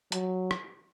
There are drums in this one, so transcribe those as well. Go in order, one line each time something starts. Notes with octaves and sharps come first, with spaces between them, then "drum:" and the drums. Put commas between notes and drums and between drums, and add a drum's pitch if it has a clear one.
F#3, drum: hi-hat
drum: rim click